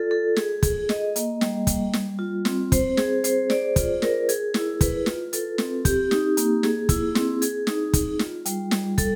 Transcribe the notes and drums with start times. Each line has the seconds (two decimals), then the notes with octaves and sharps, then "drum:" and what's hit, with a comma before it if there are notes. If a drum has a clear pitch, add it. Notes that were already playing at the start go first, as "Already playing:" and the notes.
Already playing: F4 A4 D5
0.11 A4
0.36 G#4, drum: snare
0.63 G#4, drum: kick, hi-hat
0.89 D#5, drum: snare
1.16 A#3, drum: hi-hat
1.41 G3, drum: snare
1.67 G3, drum: kick, hi-hat
1.93 G3, drum: snare
2.19 F4
2.45 C4, drum: snare
2.72 C5, drum: kick, hi-hat
2.97 G#4, drum: snare
3.24 C5, drum: hi-hat
3.50 D5, drum: snare
3.76 F4, drum: kick, hi-hat
4.02 A#4, drum: snare
4.29 G#4, drum: hi-hat
4.54 E4, drum: snare
4.81 B4, drum: kick, hi-hat
5.06 F4, drum: snare
5.33 A4, drum: hi-hat
5.58 C4, drum: snare
5.85 G4, drum: kick, hi-hat
6.11 D#4, drum: snare
6.37 A#3, drum: hi-hat
6.63 G#4, drum: snare
6.89 E4, drum: kick, hi-hat
7.15 C4, drum: snare
7.42 G#4, drum: hi-hat
7.67 D#4, drum: snare
7.94 G#4, drum: kick, hi-hat
8.19 F4, drum: snare
8.45 G3, drum: hi-hat
8.71 G3, drum: snare
8.98 A4, drum: kick, hi-hat